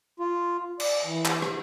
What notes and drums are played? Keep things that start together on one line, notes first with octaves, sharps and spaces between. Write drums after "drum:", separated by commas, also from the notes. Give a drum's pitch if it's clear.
F4
D5, drum: cymbal
E3
drum: clap
drum: rim click